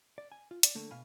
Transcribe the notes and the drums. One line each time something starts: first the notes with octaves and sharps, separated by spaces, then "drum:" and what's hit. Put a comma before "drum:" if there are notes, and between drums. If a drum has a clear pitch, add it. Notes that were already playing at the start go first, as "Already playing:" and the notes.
D5
G#5
F4
D5, drum: hi-hat
D3 A3 A#3
B2 F5 G#5 B5